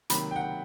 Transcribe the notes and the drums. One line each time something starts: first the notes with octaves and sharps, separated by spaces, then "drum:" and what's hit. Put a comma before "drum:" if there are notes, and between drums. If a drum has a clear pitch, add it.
C3 D#3 F#3 A#3 B5, drum: hi-hat
G5
F#5
G5